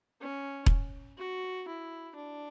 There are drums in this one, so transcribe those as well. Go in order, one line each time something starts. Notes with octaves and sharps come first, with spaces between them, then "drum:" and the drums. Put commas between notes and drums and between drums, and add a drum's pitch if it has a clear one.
C#4
drum: kick E1
F#4
E4
D4